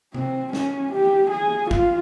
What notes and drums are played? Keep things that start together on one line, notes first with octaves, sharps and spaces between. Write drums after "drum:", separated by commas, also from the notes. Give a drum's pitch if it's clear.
C4, drum: tom C3
C#4, drum: snare
G4
G#4
F4, drum: kick